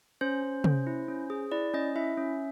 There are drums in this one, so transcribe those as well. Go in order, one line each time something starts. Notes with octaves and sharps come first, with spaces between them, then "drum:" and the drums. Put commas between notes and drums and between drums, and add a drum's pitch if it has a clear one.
C#4 C5
C#4
C#4, drum: tom
E4
C#4
G#4
E4 D5
C#4 D#5
E4 E5
C#4